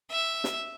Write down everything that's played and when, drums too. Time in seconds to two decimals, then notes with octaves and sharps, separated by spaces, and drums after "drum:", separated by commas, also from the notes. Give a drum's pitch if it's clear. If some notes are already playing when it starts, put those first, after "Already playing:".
0.11 E5
0.44 drum: snare